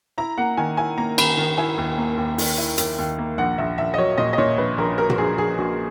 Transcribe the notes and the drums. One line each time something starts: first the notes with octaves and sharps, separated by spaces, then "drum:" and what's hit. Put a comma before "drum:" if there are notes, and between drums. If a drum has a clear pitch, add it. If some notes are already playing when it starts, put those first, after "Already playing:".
E4 A#5
A#3 F#5
D#3 G#5
E4 G#5
A#3 A#5
D#3 B5, drum: cymbal
D#3
E4 G#5
D#2
A#3
D#2
D#3, drum: open hi-hat
E4
D#2, drum: hi-hat
D#2
A#3
A#1 F#5
A#1 E5
A#1 E5
D#5
F#3 C#5
A#2 D#5
D#5
A#2 C#5
A#1 B4
A#1 A#4
F#3 A#4
F#4, drum: tom
A#1 G#4
A#1 G#4
A#1 F#4